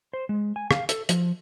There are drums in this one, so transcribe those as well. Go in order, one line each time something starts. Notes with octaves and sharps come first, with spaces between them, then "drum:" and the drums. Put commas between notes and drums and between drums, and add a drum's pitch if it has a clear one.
C5
G#3
G#5
F5, drum: rim click
A4, drum: hi-hat
F3, drum: hi-hat